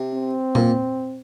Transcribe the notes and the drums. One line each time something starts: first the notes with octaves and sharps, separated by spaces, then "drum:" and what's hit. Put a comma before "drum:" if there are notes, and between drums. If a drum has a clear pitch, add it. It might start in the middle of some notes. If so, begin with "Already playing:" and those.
Already playing: C3
C4
A#2, drum: tom A#2